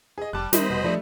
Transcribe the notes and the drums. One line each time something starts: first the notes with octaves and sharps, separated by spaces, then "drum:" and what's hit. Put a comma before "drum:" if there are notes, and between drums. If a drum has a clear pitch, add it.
G#4 D#5
F1 G3 A5 D6 F#6
D#3 G3 D#4 C5 D#5 E5 B5, drum: snare
F1 B2
F3 G3 A3 D4